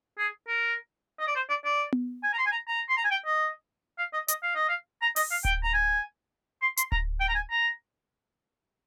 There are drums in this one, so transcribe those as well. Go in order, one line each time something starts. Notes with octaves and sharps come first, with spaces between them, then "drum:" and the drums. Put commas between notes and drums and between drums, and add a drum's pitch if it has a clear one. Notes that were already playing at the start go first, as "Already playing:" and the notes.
G#4
A#4
D#5
D5
C5
D5
D5
drum: tom B3
G#5
A#5
C6
G#5
A#5
A#5
C6
A#5
G#5
G5
D#5
F5
D#5
D#5, drum: hi-hat
F5
D#5
F5
A#5
D#5, drum: open hi-hat
F5
G5, drum: kick D1
A#5
G#5
C6
C6, drum: hi-hat
A#5, drum: kick D1
G5
A#5
G#5
A#5